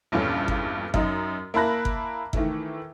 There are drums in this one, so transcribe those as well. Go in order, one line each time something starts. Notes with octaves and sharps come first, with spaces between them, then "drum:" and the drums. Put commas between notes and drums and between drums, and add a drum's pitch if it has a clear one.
A#1 E2 G2 C#4 F4 A4
drum: kick G1
F#2 D#4, drum: kick G1
A#3 E4 A5 B5 F#6 A#6
drum: kick G1
D#3 E3 A3 E4, drum: kick G1